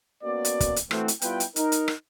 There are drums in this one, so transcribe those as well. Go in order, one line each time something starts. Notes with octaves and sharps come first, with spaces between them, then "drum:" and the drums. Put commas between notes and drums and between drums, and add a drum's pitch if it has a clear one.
A#3 B3 C#4 F#4 D5
drum: hi-hat
drum: kick, hi-hat
drum: hi-hat
E3 A3 C4 F#4, drum: rim click
drum: hi-hat
G3 B3 E4 F4 B4 G5, drum: hi-hat
drum: hi-hat
D#4 A#4, drum: hi-hat
drum: hi-hat
drum: rim click